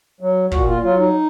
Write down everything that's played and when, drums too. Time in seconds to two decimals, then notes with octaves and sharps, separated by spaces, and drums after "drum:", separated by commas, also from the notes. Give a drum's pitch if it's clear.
0.21 F#3
0.51 A#2 F#4, drum: kick
0.67 F4
0.83 F#3 F4
0.99 D#4